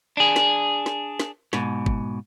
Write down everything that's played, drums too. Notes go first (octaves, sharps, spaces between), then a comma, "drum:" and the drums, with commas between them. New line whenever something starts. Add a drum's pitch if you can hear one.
D4 G#4
drum: snare
drum: snare
drum: snare
G#2 B2, drum: snare
drum: kick